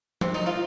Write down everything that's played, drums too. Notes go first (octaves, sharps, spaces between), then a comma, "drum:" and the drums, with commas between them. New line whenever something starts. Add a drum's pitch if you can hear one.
C3 C4, drum: tom
D#3 D#4
F3 F4